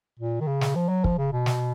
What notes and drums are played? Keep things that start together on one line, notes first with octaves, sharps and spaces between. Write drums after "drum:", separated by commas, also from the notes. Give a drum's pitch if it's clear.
A#2
D#3
C#3
drum: snare
F3
F#3
F3, drum: kick
C#3
B2
drum: snare